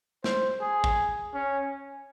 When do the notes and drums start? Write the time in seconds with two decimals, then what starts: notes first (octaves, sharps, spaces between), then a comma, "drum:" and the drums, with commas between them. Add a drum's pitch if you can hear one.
0.24 C5, drum: snare
0.61 G#4
0.84 drum: kick
1.34 C#4